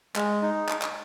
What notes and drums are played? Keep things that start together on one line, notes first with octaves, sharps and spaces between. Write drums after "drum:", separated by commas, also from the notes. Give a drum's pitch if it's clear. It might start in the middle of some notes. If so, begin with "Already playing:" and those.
G#3, drum: clap
D#4
drum: clap
drum: clap